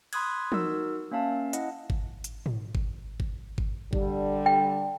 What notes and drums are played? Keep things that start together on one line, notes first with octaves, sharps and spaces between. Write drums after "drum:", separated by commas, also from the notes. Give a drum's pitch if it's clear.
B5 C6 D#6 F#6 G#6, drum: cymbal
D#4 F#4 A#4 E6, drum: tom
A#3 C#4 E5 F5 A5
E4 D#5 F#5, drum: hi-hat
drum: kick G#1
drum: hi-hat
drum: tom G#2
drum: kick G#1
drum: kick G#1
drum: kick G#1
D3 G3, drum: kick G#1
G5